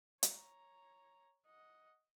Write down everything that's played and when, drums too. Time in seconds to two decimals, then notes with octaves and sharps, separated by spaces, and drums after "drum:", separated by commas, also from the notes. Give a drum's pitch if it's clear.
0.23 C#5 A#5, drum: hi-hat
1.46 D#5 F#5